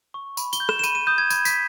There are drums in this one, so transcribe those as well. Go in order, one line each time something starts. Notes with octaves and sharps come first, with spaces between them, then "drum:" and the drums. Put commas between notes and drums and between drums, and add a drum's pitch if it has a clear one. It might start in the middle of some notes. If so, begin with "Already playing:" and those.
C#6
B5, drum: tambourine
G7, drum: tambourine
G6
E7, drum: rim click
E7
B5 D#7, drum: tambourine
D#7
D#6 G6
G#6
B5 G#6, drum: tambourine
B6, drum: tambourine